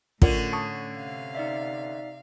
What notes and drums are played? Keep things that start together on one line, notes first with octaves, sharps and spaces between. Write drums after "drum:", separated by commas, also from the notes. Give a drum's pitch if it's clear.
A2 D3 C#4 F4 A#4 D5, drum: kick
A5 C#6 D#6
C3 F5
D#4 D5 E5